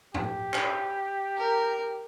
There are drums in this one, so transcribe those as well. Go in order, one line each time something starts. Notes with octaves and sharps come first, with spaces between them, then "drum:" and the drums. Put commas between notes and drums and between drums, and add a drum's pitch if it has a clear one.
G4, drum: tom G#2
drum: clap
A#4